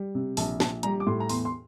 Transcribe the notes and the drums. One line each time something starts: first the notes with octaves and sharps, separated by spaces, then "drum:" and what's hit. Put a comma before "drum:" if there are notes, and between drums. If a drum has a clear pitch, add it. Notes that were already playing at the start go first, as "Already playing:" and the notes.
Already playing: G3
C3
A#1 A5, drum: open hi-hat
A#1 A5, drum: snare
G3 A#5, drum: hi-hat
D6
A2 C6
A#5
E2 C6, drum: open hi-hat
C6